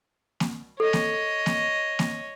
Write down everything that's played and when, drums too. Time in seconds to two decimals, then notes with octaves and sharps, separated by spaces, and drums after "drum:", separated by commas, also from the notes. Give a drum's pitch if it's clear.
0.40 drum: snare A#3
0.80 A4 C#5 D#5
0.93 drum: snare A#3
1.46 drum: snare A#3
1.99 drum: snare A#3